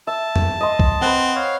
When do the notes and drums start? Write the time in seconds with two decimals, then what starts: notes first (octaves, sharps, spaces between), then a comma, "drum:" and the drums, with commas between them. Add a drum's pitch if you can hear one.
0.07 E5 A5
0.36 drum: tom
0.61 D#5 C6
0.79 drum: kick
1.01 C4 B4 F#5
1.36 C#5 F5